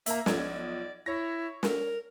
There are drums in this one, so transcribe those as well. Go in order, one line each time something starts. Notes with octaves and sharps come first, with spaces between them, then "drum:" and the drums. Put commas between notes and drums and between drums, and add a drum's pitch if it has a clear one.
A#3 E5 A#5, drum: hi-hat
B1 F3 D5 G#6, drum: snare
E4 C#5 A#6
A#4, drum: snare